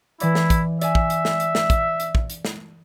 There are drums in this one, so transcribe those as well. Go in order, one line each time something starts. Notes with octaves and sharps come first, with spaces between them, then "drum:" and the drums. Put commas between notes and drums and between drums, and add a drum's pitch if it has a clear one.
E3 E4 D5 D6, drum: hi-hat
drum: snare
drum: kick, hi-hat
D5 E5 G#5, drum: hi-hat
drum: kick
drum: hi-hat
drum: snare
drum: hi-hat
drum: snare
drum: kick, hi-hat
drum: hi-hat
drum: kick
drum: hi-hat
drum: snare